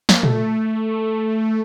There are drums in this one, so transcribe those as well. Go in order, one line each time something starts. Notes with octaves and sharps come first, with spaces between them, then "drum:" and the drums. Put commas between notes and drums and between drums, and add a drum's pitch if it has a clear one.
A#3, drum: snare
A3, drum: tom A#2